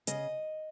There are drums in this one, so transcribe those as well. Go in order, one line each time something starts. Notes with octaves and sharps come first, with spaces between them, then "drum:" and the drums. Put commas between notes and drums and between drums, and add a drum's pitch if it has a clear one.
C#3 D#5, drum: hi-hat